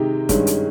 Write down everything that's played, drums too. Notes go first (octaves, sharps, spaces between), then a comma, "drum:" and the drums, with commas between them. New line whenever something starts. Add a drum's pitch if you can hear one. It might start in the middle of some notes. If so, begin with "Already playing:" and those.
Already playing: C3 D#3 G#3 D#4 G4
G2 D#3 G#3 C#4, drum: kick, hi-hat
drum: hi-hat